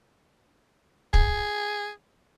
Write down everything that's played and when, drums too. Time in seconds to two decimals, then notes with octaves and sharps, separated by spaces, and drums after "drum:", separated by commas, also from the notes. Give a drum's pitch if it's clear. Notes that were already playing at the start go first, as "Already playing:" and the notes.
1.14 G#4, drum: kick